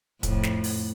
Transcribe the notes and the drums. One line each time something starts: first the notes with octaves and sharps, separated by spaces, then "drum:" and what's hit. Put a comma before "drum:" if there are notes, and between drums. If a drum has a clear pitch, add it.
F2 A2, drum: kick, hi-hat
drum: snare
drum: open hi-hat